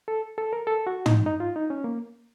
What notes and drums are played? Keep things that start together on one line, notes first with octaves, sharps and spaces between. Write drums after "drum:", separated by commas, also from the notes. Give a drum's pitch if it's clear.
A4
A4
A#4
A4
F#4
D#4, drum: tom
D#4
F4
D#4
C#4
A#3